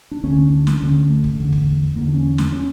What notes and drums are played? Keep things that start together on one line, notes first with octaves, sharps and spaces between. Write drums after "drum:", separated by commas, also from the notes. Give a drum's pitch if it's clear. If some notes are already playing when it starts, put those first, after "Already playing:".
D4
D2 D3 C#4
D4
drum: snare
D2 D3 C#4
A3
drum: kick
E2 D3
drum: kick
E2 D3 A#3
D4
C#4
drum: snare
C#4